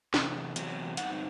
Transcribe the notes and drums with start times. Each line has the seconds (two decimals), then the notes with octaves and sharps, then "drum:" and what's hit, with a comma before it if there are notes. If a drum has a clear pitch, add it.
0.14 E2 C3, drum: snare
0.56 E2 C3 F#3, drum: hi-hat
0.97 G2 F#3 C4 D#4 F#5, drum: hi-hat